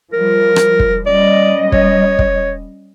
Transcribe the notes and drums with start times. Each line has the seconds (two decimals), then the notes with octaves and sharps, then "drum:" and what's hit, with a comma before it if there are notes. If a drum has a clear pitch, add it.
0.13 F3 G3 A#4
0.56 drum: rim click
0.79 drum: kick
1.06 G3 C#4 D5 D#5
1.72 C#5, drum: kick
2.19 drum: kick